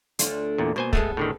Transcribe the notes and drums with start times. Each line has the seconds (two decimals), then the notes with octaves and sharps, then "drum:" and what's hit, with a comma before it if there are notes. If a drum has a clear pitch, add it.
0.19 D2 D3 F4, drum: hi-hat
0.58 E2 A#2
0.76 B2 A#3 C5 G#5
0.93 G#3 A3 B3 G#4 A4, drum: kick
1.17 A2 D3 D#3